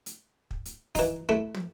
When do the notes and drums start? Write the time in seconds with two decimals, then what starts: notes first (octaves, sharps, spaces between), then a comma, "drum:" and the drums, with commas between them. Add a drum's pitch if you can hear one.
0.06 drum: hi-hat
0.51 drum: kick
0.65 drum: hi-hat
0.95 E3 D#4, drum: kick, open hi-hat
1.29 A3 E4
1.54 drum: tom